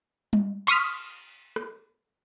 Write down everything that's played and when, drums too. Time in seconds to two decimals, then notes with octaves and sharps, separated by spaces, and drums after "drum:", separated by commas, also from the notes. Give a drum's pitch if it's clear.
0.33 drum: tom G3
0.67 C6 C#6 D#6 F6 B6, drum: cymbal
1.56 drum: rim click